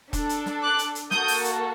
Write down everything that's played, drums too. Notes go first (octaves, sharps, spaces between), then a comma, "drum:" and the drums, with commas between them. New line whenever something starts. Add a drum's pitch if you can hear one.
D4 A4, drum: kick E1, hi-hat
drum: hi-hat
drum: snare
D6 F#6
drum: hi-hat
drum: hi-hat
A#3 F#4 A4 D#6 G6, drum: snare
drum: open hi-hat
drum: hi-hat